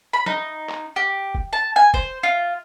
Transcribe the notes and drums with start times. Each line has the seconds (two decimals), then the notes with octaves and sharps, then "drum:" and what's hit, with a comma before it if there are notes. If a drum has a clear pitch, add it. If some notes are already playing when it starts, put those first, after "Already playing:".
0.13 B5
0.26 D#4, drum: snare
0.70 drum: clap
0.96 G4
1.35 drum: kick
1.53 A5
1.76 G#5
1.94 C5, drum: kick
2.23 F4